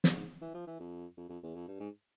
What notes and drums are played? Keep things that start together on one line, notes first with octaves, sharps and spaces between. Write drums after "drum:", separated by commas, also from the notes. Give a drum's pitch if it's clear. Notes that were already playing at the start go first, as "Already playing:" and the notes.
G2, drum: snare
G#2
E3
F3
E3
F2
F2
F2
E2
F2
G2
G#2